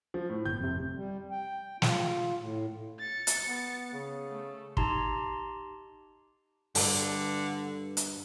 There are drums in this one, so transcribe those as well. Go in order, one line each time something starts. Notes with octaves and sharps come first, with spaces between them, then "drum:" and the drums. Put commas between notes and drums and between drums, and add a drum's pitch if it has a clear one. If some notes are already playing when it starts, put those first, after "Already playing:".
F3
A2
G1 G6
F2 C3
G3
G5
F4, drum: snare
A2
A6 C#7
drum: hi-hat
B3
C#3
A3
D#4 G4 A5 A#5 C6, drum: kick
G2 D3, drum: open hi-hat
drum: hi-hat